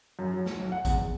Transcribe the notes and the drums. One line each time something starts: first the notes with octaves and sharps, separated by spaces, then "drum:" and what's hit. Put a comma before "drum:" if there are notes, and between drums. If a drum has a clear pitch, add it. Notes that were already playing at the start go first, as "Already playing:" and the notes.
F#2
F#3
A4, drum: snare
B1
F#5
E2, drum: kick G#1, hi-hat
E2